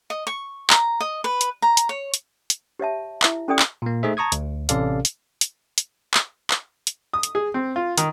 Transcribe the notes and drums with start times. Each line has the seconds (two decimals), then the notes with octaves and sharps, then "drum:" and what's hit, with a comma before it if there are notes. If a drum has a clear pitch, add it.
0.10 D#5
0.27 C#6
0.70 A#5, drum: clap
1.00 D#5
1.24 B4
1.41 drum: hi-hat
1.62 A#5
1.77 drum: hi-hat
1.89 C#5
2.14 drum: hi-hat
2.50 drum: hi-hat
2.79 G4 C#5 E5 A5
3.22 E4 E5, drum: clap
3.48 C#4 G4 A4 D5 G5 D#6
3.59 drum: clap
3.82 A#2 A#3
4.03 A3 D#4 G#4 C5 E5
4.17 A5 A#5 C#6 D#6 G#6
4.32 D2, drum: hi-hat
4.69 A1 C3 C#4 A4 D5 F5, drum: hi-hat
5.05 drum: hi-hat
5.41 drum: hi-hat
5.78 drum: hi-hat
6.14 drum: clap
6.51 drum: clap
6.87 drum: hi-hat
7.13 D#6
7.23 drum: hi-hat
7.35 G#4
7.54 C4
7.76 F4
7.98 D#3, drum: hi-hat